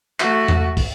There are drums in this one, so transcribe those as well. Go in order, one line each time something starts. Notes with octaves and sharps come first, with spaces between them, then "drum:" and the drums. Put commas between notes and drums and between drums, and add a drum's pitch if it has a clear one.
A3 F#4, drum: clap
drum: tom E2
drum: kick, open hi-hat